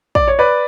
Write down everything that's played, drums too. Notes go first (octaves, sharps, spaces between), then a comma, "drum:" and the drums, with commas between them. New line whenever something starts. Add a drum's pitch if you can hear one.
D5, drum: kick
C#5
B4 D5